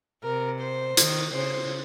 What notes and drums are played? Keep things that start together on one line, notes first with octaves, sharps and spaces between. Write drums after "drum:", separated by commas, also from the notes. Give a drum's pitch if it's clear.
C3 A#4
C5
D#3, drum: hi-hat
C#3 C5